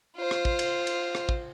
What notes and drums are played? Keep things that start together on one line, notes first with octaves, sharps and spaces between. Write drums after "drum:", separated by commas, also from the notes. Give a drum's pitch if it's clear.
F4 C5
drum: rim click
drum: kick
drum: cymbal
drum: cymbal
drum: rim click
drum: kick